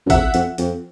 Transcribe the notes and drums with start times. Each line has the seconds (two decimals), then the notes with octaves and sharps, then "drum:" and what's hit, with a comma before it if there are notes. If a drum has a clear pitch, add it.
0.06 F#2
0.10 F2 E5 F#5, drum: kick, hi-hat
0.34 F2, drum: hi-hat
0.58 F2, drum: hi-hat